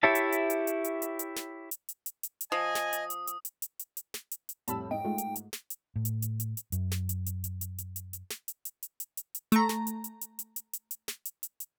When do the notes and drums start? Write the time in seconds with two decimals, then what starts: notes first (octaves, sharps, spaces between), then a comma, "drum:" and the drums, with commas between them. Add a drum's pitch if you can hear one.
0.03 E4 G4 C#5 E5 A5
0.15 drum: hi-hat
0.32 drum: hi-hat
0.50 drum: hi-hat
0.67 drum: hi-hat
0.84 drum: hi-hat
1.02 drum: hi-hat
1.19 drum: hi-hat
1.37 drum: snare
1.71 drum: hi-hat
1.89 drum: hi-hat
2.06 drum: hi-hat
2.23 drum: hi-hat
2.41 drum: hi-hat
2.52 F3 D#5 G#5 D#6
2.75 drum: snare
2.93 drum: hi-hat
3.10 drum: hi-hat
3.27 drum: hi-hat
3.45 drum: hi-hat
3.62 drum: hi-hat
3.79 drum: hi-hat
3.97 drum: hi-hat
4.14 drum: snare
4.31 drum: hi-hat
4.49 drum: hi-hat
4.68 F2 A2 G3 A5 B5 E6, drum: hi-hat
4.91 G#2 D#5 G5 D7
5.05 G#3 A3 F4
5.18 drum: hi-hat
5.36 drum: hi-hat
5.53 drum: snare
5.70 drum: hi-hat
5.96 A2
6.05 drum: hi-hat
6.22 drum: hi-hat
6.40 drum: hi-hat
6.57 drum: hi-hat
6.72 F#2, drum: hi-hat
6.92 drum: snare
7.09 drum: hi-hat
7.26 drum: hi-hat
7.44 drum: hi-hat
7.61 drum: hi-hat
7.78 drum: hi-hat
7.96 drum: hi-hat
8.13 drum: hi-hat
8.30 drum: snare
8.48 drum: hi-hat
8.65 drum: hi-hat
8.83 drum: hi-hat
9.00 drum: hi-hat
9.17 drum: hi-hat
9.35 drum: hi-hat
9.52 A3 A#5, drum: hi-hat
9.69 drum: snare
9.87 drum: hi-hat
10.04 drum: hi-hat
10.21 drum: hi-hat
10.39 drum: hi-hat
10.56 drum: hi-hat
10.73 drum: hi-hat
10.91 drum: hi-hat
11.08 drum: snare
11.25 drum: hi-hat
11.43 drum: hi-hat
11.60 drum: hi-hat